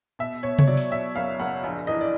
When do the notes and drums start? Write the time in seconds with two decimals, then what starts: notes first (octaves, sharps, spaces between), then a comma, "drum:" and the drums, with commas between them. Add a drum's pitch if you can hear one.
0.19 B2 E5
0.43 B2 C#5
0.59 C#5, drum: tom C3
0.67 F#3 D5
0.77 drum: open hi-hat
0.91 B2 E5
1.16 F#1 F5
1.39 F#1 F#5
1.63 A#1
1.87 E3 D#5
2.01 D5